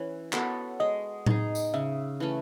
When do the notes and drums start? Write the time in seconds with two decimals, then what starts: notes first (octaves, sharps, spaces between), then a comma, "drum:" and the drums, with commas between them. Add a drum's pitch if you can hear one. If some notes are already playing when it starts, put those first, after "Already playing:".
Already playing: E3 C#4 C#5
0.33 B3 F#4 A4, drum: clap
0.80 G#3 D#5
1.26 D#4 G#4, drum: tom A2
1.55 drum: tambourine
1.74 C#3 E5
2.20 E3 A3 C#4